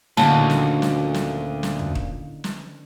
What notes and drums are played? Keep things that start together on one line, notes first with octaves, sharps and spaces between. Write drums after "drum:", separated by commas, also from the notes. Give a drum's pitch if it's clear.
D2 A#2 D3 D#3 C#4 A5, drum: snare
drum: snare
drum: snare
drum: snare
drum: snare
drum: tom
drum: kick D#1
drum: snare